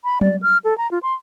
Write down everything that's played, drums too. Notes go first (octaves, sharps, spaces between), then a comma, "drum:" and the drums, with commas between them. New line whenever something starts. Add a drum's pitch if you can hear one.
B5
D5, drum: tom F#3
F6
A4
A#5
F4
C6